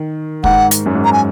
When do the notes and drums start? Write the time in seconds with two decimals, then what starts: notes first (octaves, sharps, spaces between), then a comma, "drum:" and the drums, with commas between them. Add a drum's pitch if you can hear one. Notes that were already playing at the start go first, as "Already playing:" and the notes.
Already playing: D#3
0.44 G#2 F#5, drum: kick
0.71 drum: hi-hat
0.86 F#2
0.95 G#2
1.05 A#5
1.13 G#5